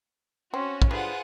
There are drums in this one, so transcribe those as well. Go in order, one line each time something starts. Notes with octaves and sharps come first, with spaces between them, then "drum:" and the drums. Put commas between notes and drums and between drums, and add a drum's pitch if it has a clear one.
C4 C#4 F#4
drum: kick
D3 F#3 G3 F4 G#4 B4 C5 F#5